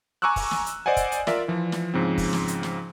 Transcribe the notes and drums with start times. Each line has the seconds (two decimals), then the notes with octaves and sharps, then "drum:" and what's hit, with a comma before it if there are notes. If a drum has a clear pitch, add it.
0.22 G#5 A#5 C#6 D6 E6 F#6
0.36 drum: kick, open hi-hat
0.51 drum: snare
0.66 drum: hi-hat
0.86 C5 D5 D#5 F#5 G#5
0.97 drum: kick, hi-hat
1.12 drum: hi-hat
1.27 F4 A#4 D5 E5, drum: snare
1.48 E3 F3
1.72 drum: snare
1.94 G#2 C#3 F3 C4
2.18 drum: kick, open hi-hat
2.33 drum: snare
2.48 drum: hi-hat
2.63 drum: snare